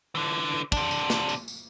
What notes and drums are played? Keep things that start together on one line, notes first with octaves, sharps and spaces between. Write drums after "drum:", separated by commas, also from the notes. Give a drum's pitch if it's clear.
D3 E3
C3 D4, drum: kick, tambourine
drum: tambourine
drum: snare
drum: tambourine
drum: tambourine